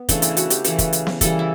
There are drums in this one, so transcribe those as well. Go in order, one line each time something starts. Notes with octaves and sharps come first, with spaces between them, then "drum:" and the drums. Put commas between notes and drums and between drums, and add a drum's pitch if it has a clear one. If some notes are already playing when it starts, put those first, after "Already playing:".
Already playing: B3
C#3 E3 A3 D4, drum: kick, hi-hat
E4, drum: hi-hat
F#4, drum: hi-hat
G4, drum: hi-hat
C#3 E3 A3 B4, drum: hi-hat
drum: kick, hi-hat
drum: hi-hat
drum: snare B3
C#3 E3 G3 A4, drum: kick, hi-hat
E4